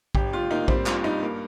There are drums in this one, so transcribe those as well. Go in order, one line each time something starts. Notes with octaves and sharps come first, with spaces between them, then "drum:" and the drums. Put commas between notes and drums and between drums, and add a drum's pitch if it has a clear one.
G1 G4, drum: kick A#1
G1 F4
A#3 D#4
G3 C4, drum: kick A#1
G2 F4, drum: clap
G2 D#4
A#3